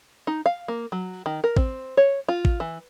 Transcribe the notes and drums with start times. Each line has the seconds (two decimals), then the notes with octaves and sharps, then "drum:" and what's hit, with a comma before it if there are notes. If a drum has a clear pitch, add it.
0.27 D#4
0.46 F5
0.68 A#3
0.92 F#3
1.26 D#3
1.44 A#4
1.57 C4, drum: kick A1
1.97 C#5
2.28 F4
2.45 drum: kick A1
2.60 E3